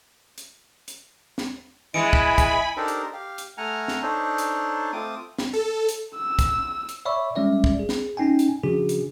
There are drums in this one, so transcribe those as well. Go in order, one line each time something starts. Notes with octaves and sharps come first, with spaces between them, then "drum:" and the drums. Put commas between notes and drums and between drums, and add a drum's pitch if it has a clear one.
drum: hi-hat
drum: hi-hat
drum: snare
E3 G#3 E4 D#5 G#5 B5 C#7 D7
drum: kick
drum: kick, hi-hat
D4 D#4 G4 A4 A#4 C5
drum: hi-hat
G4 F5
drum: hi-hat
A3 F#5 G#5 A#5 F6
drum: snare
D4 D#4 A4 C5 C#5
drum: hi-hat
A3 C4 F4 D6 D#6
drum: snare
A4
drum: hi-hat
E6
drum: kick, hi-hat
drum: hi-hat
C#5 D5 E5 B5 C#6 E6
G3 G#3 C#4 D5 E5
drum: kick
G#4
drum: snare
C#4 D#4 G5 G#5
drum: hi-hat
C#3 F3 D4 F#4 G#4
drum: hi-hat